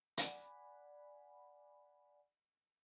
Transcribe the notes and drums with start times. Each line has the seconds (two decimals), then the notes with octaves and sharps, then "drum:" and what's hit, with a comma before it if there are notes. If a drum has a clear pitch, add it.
0.17 D5 F#5 G#5 B5, drum: hi-hat